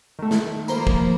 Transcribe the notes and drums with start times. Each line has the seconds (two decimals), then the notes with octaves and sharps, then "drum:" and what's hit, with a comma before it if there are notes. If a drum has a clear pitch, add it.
0.19 D#3 A3
0.31 drum: snare
0.68 F3 A#3 C5 A#5 B5, drum: tambourine
0.87 drum: kick